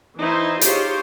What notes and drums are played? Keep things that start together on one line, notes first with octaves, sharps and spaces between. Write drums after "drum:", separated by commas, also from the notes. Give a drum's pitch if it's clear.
E3 D#4 E4 C5
D#4 F4 G4 G#4 C5 C#5, drum: hi-hat